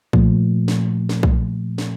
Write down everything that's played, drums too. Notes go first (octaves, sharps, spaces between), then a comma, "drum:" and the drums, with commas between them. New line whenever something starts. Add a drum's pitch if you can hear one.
A#2 F3 A3, drum: kick
drum: snare
drum: snare
drum: kick
drum: snare